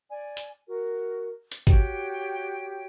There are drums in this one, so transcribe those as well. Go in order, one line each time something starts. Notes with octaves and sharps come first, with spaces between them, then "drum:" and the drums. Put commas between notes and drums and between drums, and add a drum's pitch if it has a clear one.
D5 G#5
drum: hi-hat
F#4 A#4
drum: hi-hat
F#4 G4 C#5 G5, drum: kick G#1